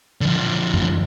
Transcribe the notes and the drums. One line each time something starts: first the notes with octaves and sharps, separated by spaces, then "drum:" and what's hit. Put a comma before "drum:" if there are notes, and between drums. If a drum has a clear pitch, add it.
D3 F3
drum: tom F#2